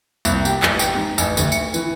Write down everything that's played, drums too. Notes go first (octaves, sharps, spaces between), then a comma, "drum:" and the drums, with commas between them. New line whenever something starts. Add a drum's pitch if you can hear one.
C2, drum: tambourine
G4, drum: tambourine
A1, drum: clap
G4, drum: tambourine
G#2
A1, drum: tambourine
D2, drum: tambourine
C#7, drum: tambourine
E3, drum: tambourine